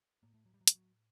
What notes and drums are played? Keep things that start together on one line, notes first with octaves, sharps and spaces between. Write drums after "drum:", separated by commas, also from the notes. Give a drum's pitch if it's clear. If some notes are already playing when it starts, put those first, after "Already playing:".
A2 A#3
A3
F#3
G3
F#3
G3, drum: hi-hat
F#3